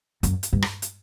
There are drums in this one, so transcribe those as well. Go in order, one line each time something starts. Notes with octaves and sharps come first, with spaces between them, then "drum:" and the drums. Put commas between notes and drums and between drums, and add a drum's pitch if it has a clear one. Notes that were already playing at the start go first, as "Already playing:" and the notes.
F#2, drum: hi-hat
drum: hi-hat
G2
drum: rim click
drum: hi-hat